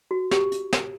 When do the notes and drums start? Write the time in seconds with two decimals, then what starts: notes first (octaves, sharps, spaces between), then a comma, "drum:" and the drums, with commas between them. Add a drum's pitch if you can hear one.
0.11 F#4
0.31 G4, drum: snare
0.52 drum: hi-hat
0.73 drum: snare